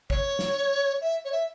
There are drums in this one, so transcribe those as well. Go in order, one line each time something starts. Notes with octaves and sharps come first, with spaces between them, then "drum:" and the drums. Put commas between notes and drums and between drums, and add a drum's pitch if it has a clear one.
C#5, drum: kick
drum: snare
E5
C#5
E5